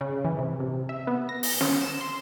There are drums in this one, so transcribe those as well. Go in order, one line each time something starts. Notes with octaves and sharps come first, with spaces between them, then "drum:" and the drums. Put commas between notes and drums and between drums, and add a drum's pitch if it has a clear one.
C#3
E3
C3
C3
E5
B3
A#6
drum: open hi-hat
C#4, drum: snare
E7
C6